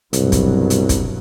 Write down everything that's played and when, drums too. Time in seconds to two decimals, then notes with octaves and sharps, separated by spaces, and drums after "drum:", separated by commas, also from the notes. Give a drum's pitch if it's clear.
0.13 C2 G2 B2 F#3, drum: hi-hat
0.32 drum: kick, hi-hat
0.70 drum: hi-hat
0.89 drum: kick, hi-hat